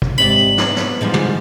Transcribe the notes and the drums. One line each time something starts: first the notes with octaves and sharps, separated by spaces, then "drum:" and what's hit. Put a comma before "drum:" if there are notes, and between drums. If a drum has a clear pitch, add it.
drum: kick
G#2 C3 C#5 D5 B5
B3, drum: snare
drum: snare
G#2 E3 F3 G3
drum: tom